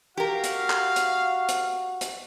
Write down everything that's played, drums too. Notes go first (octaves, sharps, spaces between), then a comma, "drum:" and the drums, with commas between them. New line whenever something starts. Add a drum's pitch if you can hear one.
F#4 G4 A#4 F5
drum: hi-hat
drum: clap
drum: hi-hat
drum: hi-hat
drum: hi-hat